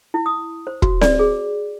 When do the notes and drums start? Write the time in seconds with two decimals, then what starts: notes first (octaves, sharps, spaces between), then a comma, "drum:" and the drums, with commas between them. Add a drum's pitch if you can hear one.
0.14 E4
0.26 D#6
0.67 C5
0.82 F#4, drum: kick
1.01 D5, drum: snare C4
1.19 G#4